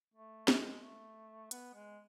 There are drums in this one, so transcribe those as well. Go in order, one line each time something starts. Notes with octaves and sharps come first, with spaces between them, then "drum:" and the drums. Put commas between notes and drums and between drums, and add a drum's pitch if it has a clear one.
A3
G#3, drum: snare
A3
B3, drum: hi-hat
G#3